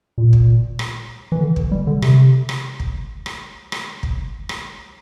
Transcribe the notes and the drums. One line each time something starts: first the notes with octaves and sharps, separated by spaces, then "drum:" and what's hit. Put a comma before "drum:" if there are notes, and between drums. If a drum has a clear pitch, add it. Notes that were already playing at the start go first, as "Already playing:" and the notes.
A#2
drum: kick
drum: rim click
E3
D3
drum: kick
G3
D3
C3, drum: rim click
drum: rim click
drum: kick
drum: rim click
drum: rim click
drum: kick
drum: rim click